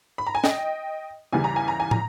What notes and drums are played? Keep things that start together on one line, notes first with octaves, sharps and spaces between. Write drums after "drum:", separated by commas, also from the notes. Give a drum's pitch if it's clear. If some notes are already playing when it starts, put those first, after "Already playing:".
B5
A#5
G#5
D#5 G5, drum: snare
E2 C#3 E3 G3 G#5
A#5
G#5
A#5
G#5
A#5, drum: tom